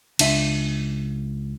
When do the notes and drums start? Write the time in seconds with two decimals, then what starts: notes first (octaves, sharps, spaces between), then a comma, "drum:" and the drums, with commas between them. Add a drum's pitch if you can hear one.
0.19 C#2 D4 E5, drum: cymbal